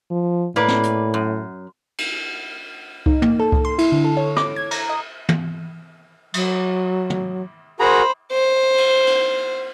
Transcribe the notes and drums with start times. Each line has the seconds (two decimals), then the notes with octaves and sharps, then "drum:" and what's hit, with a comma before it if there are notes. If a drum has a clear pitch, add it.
0.11 F3
0.56 A2 A#3 B4 D5
0.68 drum: snare
0.83 drum: hi-hat
1.14 F#2
1.98 drum: cymbal
3.06 D#4, drum: kick C2
3.22 A#3, drum: tom
3.39 A4
3.52 drum: kick C2
3.65 C6
3.78 E4, drum: cymbal
3.92 D3
4.04 A4
4.17 C#5
4.37 D6, drum: rim click
4.56 G#6
4.71 A#5, drum: cymbal
4.89 D#5
5.29 drum: tom
6.34 F#3, drum: cymbal
7.10 drum: tom
7.80 F#4 G#4 A#4 C5 A#5 B5
8.32 C5
8.78 drum: cymbal
9.07 drum: cymbal